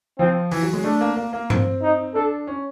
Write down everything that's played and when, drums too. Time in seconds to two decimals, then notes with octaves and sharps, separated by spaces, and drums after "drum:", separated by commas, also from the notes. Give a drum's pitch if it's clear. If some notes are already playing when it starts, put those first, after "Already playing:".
0.19 F3 C4
0.51 E3, drum: open hi-hat
0.63 F#3
0.73 G#3
0.84 A3 D4
1.01 A#3
1.16 A#3
1.33 A#3
1.50 C4, drum: tom G2
1.82 D#4
2.14 D4 A4
2.47 C#4